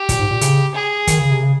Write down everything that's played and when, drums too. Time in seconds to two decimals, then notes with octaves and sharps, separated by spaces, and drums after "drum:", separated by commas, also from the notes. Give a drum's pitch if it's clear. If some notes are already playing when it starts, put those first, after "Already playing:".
Already playing: G4
0.09 A#2, drum: kick, hi-hat
0.20 G#2
0.31 A#2
0.41 C#3, drum: hi-hat
0.74 G#4
1.07 D#3, drum: kick, hi-hat
1.19 C#3
1.31 C3
1.43 C#3